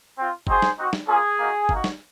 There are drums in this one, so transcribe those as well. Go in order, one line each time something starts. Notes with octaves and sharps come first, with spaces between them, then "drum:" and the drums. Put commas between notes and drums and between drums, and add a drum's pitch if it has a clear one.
C4 F4
C4 D#4 F#4 G#4 C5, drum: kick
drum: snare
C4 D#4 F#4
drum: snare
A#3 C#4 F4 G#4
A#3 D#4 F#4
A#3 D#4 F#4, drum: kick
drum: snare